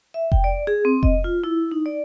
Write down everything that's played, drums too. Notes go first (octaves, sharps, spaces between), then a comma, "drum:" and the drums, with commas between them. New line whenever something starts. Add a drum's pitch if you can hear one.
E5
G5, drum: kick F1
D5
G#4
C4
D#5, drum: kick F1
F4
E4
D#4
D5